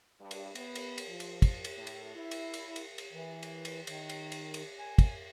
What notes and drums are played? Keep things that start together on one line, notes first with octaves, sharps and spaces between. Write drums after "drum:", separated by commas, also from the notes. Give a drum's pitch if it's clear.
G2
drum: cymbal
B3, drum: cymbal
drum: cymbal
drum: cymbal
F3
drum: cymbal
drum: kick, cymbal
drum: cymbal
A2
drum: cymbal
E4
drum: cymbal
drum: cymbal
drum: cymbal
drum: cymbal
E3
drum: cymbal
drum: cymbal
D#3, drum: cymbal
drum: cymbal
drum: cymbal
drum: cymbal
G#5
drum: kick, cymbal